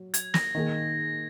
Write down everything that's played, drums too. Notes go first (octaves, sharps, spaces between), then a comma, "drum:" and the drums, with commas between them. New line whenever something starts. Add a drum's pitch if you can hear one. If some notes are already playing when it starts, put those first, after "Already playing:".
Already playing: F#3
G#6, drum: hi-hat
A#6, drum: snare
D#3 A#3 D#4 G#4